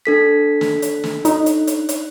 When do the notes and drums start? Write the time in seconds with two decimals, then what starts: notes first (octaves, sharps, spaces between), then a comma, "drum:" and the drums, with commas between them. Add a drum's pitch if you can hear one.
0.05 D4 A4 B6
0.61 drum: snare
0.82 drum: hi-hat
1.04 drum: snare
1.25 D#4, drum: hi-hat
1.46 drum: hi-hat
1.67 drum: hi-hat
1.89 drum: hi-hat